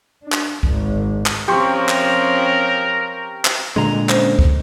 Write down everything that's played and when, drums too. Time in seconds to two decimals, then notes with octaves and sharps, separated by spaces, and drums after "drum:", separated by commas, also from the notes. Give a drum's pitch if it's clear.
0.23 D4
0.32 drum: clap
0.63 G#1, drum: kick
1.26 drum: clap
1.48 F3 C4 C#4 G4 A#4 C6 C#6
1.89 drum: clap
3.45 drum: clap
3.76 A#2 D3 G#3 D#5 A#5
4.09 C#4 C5, drum: clap
4.39 drum: kick